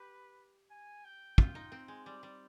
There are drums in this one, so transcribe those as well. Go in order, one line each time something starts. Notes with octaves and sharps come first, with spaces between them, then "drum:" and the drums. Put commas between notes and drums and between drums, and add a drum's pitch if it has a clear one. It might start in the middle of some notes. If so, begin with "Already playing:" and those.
Already playing: G4 B4
G#5
G5
F4, drum: kick
D#4
C4
G#3
G3 D5
G3